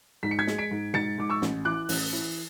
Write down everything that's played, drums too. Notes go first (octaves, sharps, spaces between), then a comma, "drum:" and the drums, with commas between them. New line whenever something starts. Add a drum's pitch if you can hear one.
G#2 B6
C#7
G#6 B6
G#3, drum: snare
B6 D7
G#2
G#2 A6 C#7, drum: tom
G#2 D6
C#6 E6
A1, drum: snare
E3 D6 F#6
A1, drum: open hi-hat
E3